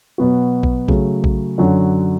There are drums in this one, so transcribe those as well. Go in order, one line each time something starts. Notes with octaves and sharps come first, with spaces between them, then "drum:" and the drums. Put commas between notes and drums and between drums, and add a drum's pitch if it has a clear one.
B2 F#3 B3 F#4
drum: kick A#1
C#3 F#3 A3, drum: kick A#1
drum: kick A#1
F#2 D3 F#3 C#4 F#4